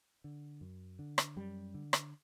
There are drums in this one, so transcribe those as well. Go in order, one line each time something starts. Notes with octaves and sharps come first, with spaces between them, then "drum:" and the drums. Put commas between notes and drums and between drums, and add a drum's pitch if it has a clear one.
D3
F#2
D3
drum: rim click
F#2 G3
D3
drum: rim click